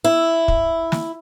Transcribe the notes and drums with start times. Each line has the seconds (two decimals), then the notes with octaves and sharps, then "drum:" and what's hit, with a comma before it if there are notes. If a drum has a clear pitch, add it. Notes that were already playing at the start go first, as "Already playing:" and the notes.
0.04 E4
0.48 drum: kick
0.92 drum: snare